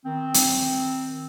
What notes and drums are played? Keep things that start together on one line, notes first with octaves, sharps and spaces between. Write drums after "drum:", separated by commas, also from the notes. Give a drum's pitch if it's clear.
D#3 C4
drum: hi-hat